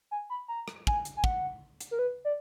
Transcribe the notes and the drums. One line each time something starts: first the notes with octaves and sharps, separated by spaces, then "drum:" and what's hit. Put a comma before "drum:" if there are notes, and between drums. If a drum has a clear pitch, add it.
G#5
B5
A#5
drum: rim click
G#5, drum: kick
drum: hi-hat
G#5
F#5, drum: kick
drum: hi-hat
A#4
B4
D5